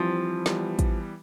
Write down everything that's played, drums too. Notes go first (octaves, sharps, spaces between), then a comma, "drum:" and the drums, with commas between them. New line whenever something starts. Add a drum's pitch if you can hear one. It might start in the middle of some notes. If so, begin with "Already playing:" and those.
Already playing: E3 F3 G3 C4 E4
E3 G3 B3, drum: snare
drum: kick, hi-hat